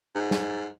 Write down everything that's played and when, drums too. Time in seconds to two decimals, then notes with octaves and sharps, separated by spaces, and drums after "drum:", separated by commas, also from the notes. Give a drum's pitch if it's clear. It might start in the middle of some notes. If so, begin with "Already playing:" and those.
0.15 G#2
0.31 drum: snare